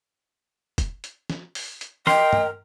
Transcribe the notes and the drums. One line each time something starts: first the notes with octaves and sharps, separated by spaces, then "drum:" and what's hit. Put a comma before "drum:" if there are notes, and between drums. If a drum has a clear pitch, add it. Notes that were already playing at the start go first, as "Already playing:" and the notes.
drum: kick, hi-hat
drum: hi-hat
drum: snare
drum: open hi-hat
drum: hi-hat
A#4 D#5 G5 C6, drum: snare
drum: tom G2